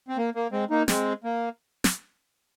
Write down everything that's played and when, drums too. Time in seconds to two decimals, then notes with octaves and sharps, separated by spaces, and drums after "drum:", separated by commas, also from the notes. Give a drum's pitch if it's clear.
0.08 C4
0.17 A#3
0.35 A#3
0.52 G#3 C4
0.70 A#3 D#4
0.88 G#3 C4, drum: snare
1.24 A#3
1.84 drum: snare